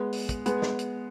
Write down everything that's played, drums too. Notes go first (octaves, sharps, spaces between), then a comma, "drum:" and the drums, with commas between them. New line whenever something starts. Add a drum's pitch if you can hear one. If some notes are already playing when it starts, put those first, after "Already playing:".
Already playing: G#3 B3
drum: open hi-hat
drum: kick, hi-hat
G#3 B3, drum: hi-hat
drum: snare
drum: hi-hat